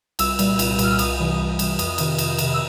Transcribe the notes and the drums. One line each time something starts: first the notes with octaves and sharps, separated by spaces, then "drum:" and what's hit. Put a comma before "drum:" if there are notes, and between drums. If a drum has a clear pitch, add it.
C2 E6, drum: cymbal
A#2 G3, drum: cymbal
C2, drum: cymbal
A#2 G3 F6, drum: cymbal
E6
C2 D#6, drum: cymbal
C3 E3 G3
C2
C3 E3 G3, drum: cymbal
F2 D#6, drum: cymbal
C3 D#3, drum: cymbal
F2, drum: cymbal
C3 D#3, drum: cymbal
E6